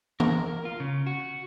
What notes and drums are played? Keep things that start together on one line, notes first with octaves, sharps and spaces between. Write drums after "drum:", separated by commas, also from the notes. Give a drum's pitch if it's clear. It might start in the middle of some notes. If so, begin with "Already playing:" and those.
A#4, drum: tom E3
F4
C#3
F#4